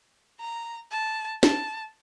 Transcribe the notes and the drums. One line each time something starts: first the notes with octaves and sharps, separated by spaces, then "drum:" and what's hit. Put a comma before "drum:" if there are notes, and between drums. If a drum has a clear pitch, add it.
A#5
A5
A5, drum: snare